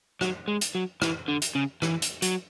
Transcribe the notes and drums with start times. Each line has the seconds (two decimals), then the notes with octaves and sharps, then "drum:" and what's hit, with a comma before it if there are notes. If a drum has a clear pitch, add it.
0.21 F#3, drum: rim click
0.48 G#3
0.61 drum: hi-hat
0.75 F#3
1.02 E3, drum: rim click
1.28 D3
1.42 drum: hi-hat
1.55 C#3
1.82 E3, drum: rim click
2.02 drum: hi-hat
2.22 F#3, drum: hi-hat